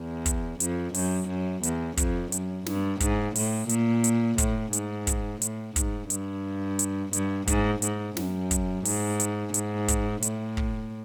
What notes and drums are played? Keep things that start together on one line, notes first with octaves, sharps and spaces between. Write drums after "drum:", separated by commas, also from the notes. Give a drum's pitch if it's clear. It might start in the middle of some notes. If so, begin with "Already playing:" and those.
Already playing: E2
drum: kick, hi-hat
F2, drum: hi-hat
F#2, drum: open hi-hat
F#2
E2, drum: hi-hat
F2, drum: kick, hi-hat
F#2, drum: hi-hat
G2, drum: snare
G#2, drum: kick, hi-hat
A2, drum: open hi-hat
A#2, drum: hi-hat
drum: hi-hat
A2, drum: kick, hi-hat
G#2, drum: hi-hat
drum: kick, hi-hat
A2, drum: hi-hat
G#2, drum: kick, hi-hat
G2, drum: hi-hat
drum: hi-hat
G2, drum: hi-hat
G#2, drum: kick, hi-hat
G#2, drum: hi-hat
F#2, drum: snare
drum: kick, hi-hat
G#2, drum: open hi-hat
drum: hi-hat
G#2, drum: hi-hat
drum: kick, hi-hat
A2, drum: hi-hat
drum: kick